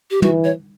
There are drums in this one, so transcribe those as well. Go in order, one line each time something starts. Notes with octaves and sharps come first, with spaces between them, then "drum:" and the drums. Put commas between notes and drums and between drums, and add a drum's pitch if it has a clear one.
G4
E3 F#4, drum: tom
C#5